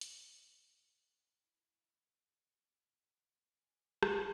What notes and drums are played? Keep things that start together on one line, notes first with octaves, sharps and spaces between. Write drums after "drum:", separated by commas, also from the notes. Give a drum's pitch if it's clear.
E4, drum: hi-hat
F#6
E4
C6
G#5
F#6, drum: rim click